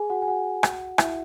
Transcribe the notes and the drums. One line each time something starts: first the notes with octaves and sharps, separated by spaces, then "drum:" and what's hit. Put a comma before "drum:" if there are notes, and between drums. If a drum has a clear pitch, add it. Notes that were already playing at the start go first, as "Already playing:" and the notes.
Already playing: G#4 G#5
F#4 F#5
G#5
F#4 F#5
drum: rim click
E4 E5, drum: rim click